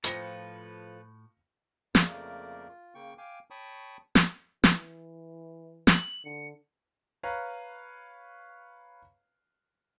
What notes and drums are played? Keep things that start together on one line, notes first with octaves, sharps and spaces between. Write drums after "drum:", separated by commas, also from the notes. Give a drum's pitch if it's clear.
A2 F3 A4 B4 G5 A#6 C#7, drum: hi-hat
F2 C#3 A3 A#3 A#4 D5, drum: snare
F4
C#3 A#3 G5 C#6
F5 G5 G#5 D6
C#5 G5 A5 B5 C#6 D#6
drum: snare
E3, drum: snare
F#7, drum: snare
D3 C#7
B4 C#5 F5 A#5